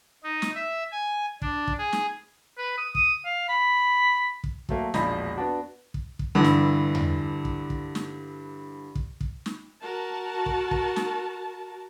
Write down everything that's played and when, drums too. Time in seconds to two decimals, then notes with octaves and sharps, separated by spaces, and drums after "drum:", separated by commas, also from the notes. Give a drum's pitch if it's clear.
0.24 D#4
0.42 drum: snare
0.55 E5
0.91 G#5
1.42 D4, drum: kick
1.67 drum: kick
1.78 G#4
1.93 drum: snare
2.58 B4
2.78 D#6
2.95 D#6, drum: kick
3.25 F5
3.49 B5
4.44 drum: kick
4.69 F#3 A3 A#3, drum: kick
4.94 E1 A#1 F3 D#5 B5, drum: snare
5.36 B3 D4 F#4
5.94 drum: kick
6.19 drum: kick
6.35 G2 D3 E3
6.44 drum: snare
6.95 drum: tom E2
7.45 drum: kick
7.70 drum: kick
7.95 drum: snare
8.95 drum: kick
9.21 drum: kick
9.46 drum: snare
9.82 F#4 A#4 A5
10.46 drum: kick
10.71 drum: kick
10.96 drum: snare